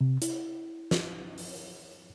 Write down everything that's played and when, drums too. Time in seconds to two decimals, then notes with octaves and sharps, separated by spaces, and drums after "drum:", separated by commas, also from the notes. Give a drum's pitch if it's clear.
0.01 C3
0.22 E4, drum: hi-hat
0.91 drum: snare
1.38 drum: open hi-hat